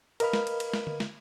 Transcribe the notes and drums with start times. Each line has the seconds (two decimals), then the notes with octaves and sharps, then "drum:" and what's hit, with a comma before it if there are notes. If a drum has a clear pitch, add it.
0.20 A#4 B4 D#5 F5 B5 F6, drum: cymbal
0.33 drum: snare
0.47 drum: cymbal
0.60 drum: cymbal
0.74 drum: snare
0.87 drum: tom D3
1.00 drum: snare